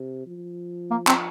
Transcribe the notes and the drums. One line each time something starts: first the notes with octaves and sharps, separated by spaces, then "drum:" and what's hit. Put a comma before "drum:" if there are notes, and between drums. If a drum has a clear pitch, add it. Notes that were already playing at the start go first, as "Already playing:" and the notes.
Already playing: C3
F3
A#3
C4, drum: clap